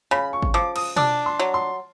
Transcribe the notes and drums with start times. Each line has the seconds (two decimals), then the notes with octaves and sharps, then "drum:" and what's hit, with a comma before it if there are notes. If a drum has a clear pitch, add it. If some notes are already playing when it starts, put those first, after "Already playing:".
0.11 C#3 B5
0.33 C#6
0.42 drum: kick G#1
0.54 F3 D6
0.76 D#6, drum: cymbal
0.96 D4 D6, drum: tom B2
1.26 C6
1.39 F#3
1.54 C6